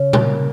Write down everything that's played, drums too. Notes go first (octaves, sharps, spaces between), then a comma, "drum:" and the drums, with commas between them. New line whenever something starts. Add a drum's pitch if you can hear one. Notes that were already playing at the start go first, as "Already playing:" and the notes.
Already playing: C#3 C#4
A#3, drum: tom A#2